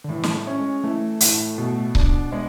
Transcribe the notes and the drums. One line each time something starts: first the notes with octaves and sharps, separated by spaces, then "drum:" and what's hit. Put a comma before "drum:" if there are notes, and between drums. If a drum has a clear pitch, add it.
D3
A2 E3
G#3, drum: snare
A3
C#4
G#3
E3 A3
A2, drum: hi-hat
B2
D4, drum: kick C#1
G#3 B3